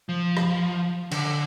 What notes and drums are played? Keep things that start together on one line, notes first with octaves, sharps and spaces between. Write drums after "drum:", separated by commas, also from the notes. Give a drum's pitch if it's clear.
F3
drum: rim click
D3, drum: cymbal